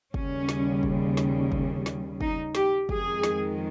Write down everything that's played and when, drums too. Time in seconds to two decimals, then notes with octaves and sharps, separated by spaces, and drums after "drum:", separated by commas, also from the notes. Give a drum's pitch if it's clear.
0.14 D#2 C#3 G3 C#4, drum: kick
0.49 drum: snare
0.83 drum: kick
1.17 drum: snare
1.52 drum: kick
1.86 drum: snare
2.21 D#4, drum: kick
2.55 G4, drum: snare
2.89 F2 D#3 G#3 G#4, drum: kick
3.23 drum: snare